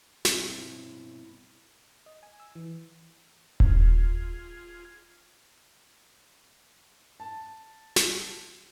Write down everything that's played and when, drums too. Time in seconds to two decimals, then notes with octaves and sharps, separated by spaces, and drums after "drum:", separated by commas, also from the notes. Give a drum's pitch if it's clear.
0.25 G2 B2 C4 E4, drum: snare
2.06 D#5
2.23 G#5
2.40 E6
2.55 E3
3.60 F4 G#4, drum: kick D#1
7.20 A5
7.96 drum: snare